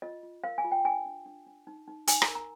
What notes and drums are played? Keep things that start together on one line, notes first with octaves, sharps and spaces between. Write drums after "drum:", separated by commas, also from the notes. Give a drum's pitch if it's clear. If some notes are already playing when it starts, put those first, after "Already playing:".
F4 D#5
F4
A#4 F5
G#5
F4
G5
D4 G#5
D4
D4
D4
D#4
D#4
D#4 G#5, drum: hi-hat
A#5, drum: rim click
A#4
A#5